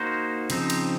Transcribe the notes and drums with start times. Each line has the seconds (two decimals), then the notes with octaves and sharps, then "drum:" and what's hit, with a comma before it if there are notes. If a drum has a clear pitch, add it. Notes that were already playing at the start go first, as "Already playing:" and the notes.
Already playing: A#3 D#4 F#4 C5
0.50 C#3 F3 C4 D#4, drum: cymbal
0.70 drum: cymbal